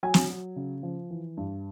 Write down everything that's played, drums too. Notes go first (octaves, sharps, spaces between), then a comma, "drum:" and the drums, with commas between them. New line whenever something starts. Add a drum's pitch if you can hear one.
F#3 G#5
drum: snare
F#3
C#3
F3
E3
G2